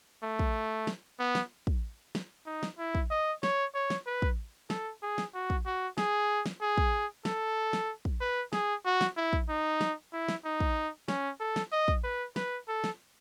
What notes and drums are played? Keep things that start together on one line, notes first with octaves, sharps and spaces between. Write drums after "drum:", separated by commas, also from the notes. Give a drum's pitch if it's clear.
A3
drum: kick
drum: snare
B3
drum: snare
drum: kick
drum: snare
D#4
drum: snare
E4
drum: kick
D#5
C#5, drum: snare
C#5
drum: snare
B4
drum: kick
A4, drum: snare
G#4
drum: snare
F#4
drum: kick
F#4
G#4, drum: snare
drum: snare
G#4
drum: kick
A4, drum: snare
drum: snare
drum: kick
B4
G#4, drum: snare
F#4
drum: snare
E4
drum: kick
D#4
drum: snare
E4
drum: snare
D#4
drum: kick
C#4, drum: snare
A4
drum: snare
D#5
drum: kick
B4
B4, drum: snare
A4
drum: snare